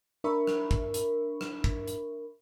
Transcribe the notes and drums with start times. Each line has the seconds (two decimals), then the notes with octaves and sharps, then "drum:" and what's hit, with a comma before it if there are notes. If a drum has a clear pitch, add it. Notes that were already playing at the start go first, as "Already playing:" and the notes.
0.24 D4 A#4 E5 B5 C#6
0.47 drum: rim click
0.71 drum: kick
0.94 drum: hi-hat
1.41 drum: rim click
1.64 drum: kick
1.87 drum: hi-hat